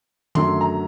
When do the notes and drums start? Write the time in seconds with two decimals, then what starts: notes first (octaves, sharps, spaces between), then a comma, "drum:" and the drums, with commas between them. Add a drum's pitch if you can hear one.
0.35 F#2 D3 F#3 A3 C6, drum: tom
0.61 A#5